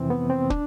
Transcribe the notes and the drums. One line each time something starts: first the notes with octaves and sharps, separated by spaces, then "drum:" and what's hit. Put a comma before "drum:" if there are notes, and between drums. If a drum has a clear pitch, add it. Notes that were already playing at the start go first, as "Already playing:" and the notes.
Already playing: F2 C3 E3 C4
B3
C4
D4, drum: kick